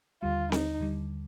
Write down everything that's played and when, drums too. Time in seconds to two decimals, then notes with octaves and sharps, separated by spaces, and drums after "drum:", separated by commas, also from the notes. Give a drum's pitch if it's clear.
0.22 D#2 D3 G3 F4
0.52 D#4, drum: snare C4
0.80 D#2 D3 G3